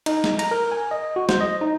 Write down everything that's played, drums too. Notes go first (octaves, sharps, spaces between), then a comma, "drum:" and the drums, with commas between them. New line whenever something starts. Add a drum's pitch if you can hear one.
D#4, drum: cymbal
drum: snare
A#5, drum: cymbal
A#4
G#5
D#5
F#4
C5, drum: snare
D#5
D#4